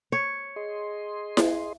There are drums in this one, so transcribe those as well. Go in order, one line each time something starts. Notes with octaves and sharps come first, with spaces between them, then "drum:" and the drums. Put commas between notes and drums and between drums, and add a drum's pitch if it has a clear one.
C#5
G#4 D#5 C6
drum: snare E4